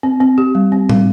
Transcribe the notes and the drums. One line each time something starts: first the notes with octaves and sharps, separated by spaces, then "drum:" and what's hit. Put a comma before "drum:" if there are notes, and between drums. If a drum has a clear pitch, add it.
C4
C4
G4
G3
C4
G3, drum: tom A2